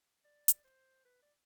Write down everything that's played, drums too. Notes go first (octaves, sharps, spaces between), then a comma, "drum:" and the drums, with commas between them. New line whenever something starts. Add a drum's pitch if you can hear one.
D5
drum: hi-hat
C5
B4
D5